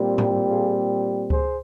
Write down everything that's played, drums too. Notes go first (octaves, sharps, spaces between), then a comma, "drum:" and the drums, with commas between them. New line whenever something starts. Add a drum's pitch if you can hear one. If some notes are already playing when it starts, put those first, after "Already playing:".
Already playing: A#2 G3 C4
drum: tom A2
F4 G#4
G#4 C5, drum: kick C#2